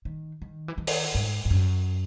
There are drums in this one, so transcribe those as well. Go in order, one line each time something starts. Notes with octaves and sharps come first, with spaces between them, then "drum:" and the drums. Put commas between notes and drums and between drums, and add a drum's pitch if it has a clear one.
D#3
D#3
E3
D#3
drum: open hi-hat
G#2
G#2
F#2